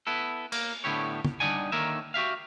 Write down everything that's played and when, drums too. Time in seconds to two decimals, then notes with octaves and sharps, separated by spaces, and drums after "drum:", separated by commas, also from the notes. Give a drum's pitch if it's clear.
0.07 B3 E4 A4
0.52 A#3, drum: cymbal
0.84 A2 D3 B3 E4 G4 C#5
1.25 drum: tom D3
1.40 G3 D4 D#4 D5 F#5 G#5
1.72 D3 D#3 A#3 A#4 C#5 E5
2.14 F#4 G4 E5 F5